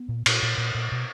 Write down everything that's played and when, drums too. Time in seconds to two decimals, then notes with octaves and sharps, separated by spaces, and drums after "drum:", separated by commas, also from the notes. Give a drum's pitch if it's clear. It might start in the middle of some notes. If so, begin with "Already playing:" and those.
Already playing: B3
0.09 A#2
0.26 A#2, drum: cymbal
0.43 A#2
0.58 A#2
0.74 A#2
0.92 B2